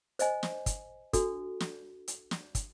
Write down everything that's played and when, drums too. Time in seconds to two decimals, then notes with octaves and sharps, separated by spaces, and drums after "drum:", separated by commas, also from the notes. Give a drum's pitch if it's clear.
0.19 C5 D#5 G#5, drum: hi-hat
0.43 drum: snare
0.66 drum: kick, hi-hat
1.13 D4 F#4 A4, drum: kick, hi-hat
1.60 drum: snare
2.08 drum: hi-hat
2.31 drum: snare
2.55 drum: kick, hi-hat